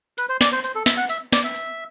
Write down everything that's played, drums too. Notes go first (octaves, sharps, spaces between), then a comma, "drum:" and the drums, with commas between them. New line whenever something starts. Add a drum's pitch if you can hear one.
B4, drum: hi-hat
C5
D5, drum: snare
C5
C5, drum: hi-hat
A4
E5, drum: snare
F#5
E5, drum: hi-hat
D5, drum: snare
E5
drum: hi-hat